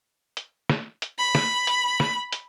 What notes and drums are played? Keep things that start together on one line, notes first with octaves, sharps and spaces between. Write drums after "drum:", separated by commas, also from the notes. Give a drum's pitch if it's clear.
drum: hi-hat
drum: snare
drum: hi-hat
B5
drum: snare
drum: hi-hat
drum: snare
drum: hi-hat